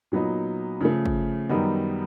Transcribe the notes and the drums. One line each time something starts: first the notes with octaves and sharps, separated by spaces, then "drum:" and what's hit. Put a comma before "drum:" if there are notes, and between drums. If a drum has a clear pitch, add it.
A#2 F#3 B3 D#4
C#3 F3 A3
drum: kick
F#2 D#3 G3 B3 D#4